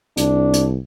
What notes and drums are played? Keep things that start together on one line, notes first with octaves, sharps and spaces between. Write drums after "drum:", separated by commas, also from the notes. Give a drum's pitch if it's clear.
C2 D4, drum: hi-hat
drum: hi-hat